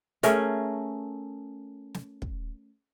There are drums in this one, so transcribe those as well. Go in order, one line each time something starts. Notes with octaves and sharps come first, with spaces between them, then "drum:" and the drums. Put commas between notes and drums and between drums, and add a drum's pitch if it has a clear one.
A3 C#4 G#4 A#4, drum: hi-hat
drum: snare
drum: kick